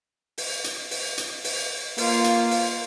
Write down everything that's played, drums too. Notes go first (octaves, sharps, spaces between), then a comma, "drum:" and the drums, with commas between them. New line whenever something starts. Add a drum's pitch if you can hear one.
drum: open hi-hat
drum: hi-hat
drum: open hi-hat
drum: hi-hat
drum: open hi-hat
A#3 F4, drum: open hi-hat
drum: hi-hat
drum: open hi-hat